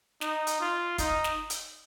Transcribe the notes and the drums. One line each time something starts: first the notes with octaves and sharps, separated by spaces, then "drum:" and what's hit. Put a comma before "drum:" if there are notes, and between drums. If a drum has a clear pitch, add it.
D#4, drum: snare
drum: hi-hat
F4
D#4, drum: kick, hi-hat
drum: snare
drum: hi-hat